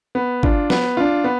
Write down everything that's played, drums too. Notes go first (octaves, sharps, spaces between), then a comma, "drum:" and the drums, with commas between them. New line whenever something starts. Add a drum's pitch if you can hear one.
B3
D4 F4, drum: kick
B3, drum: snare
D4 F4
B3